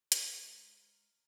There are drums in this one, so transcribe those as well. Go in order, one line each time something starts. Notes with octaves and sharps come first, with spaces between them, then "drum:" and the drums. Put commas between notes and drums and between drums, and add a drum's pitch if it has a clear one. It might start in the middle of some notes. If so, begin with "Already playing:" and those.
G#3 C5 A#5 F6, drum: hi-hat